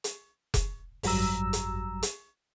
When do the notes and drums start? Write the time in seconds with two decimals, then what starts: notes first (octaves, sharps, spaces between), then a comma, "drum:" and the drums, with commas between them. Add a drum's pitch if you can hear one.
0.04 drum: hi-hat
0.54 drum: kick F1, hi-hat
1.03 G#1 F#2 F#3 G3 A#5 E6, drum: open hi-hat
1.53 drum: hi-hat
2.03 drum: hi-hat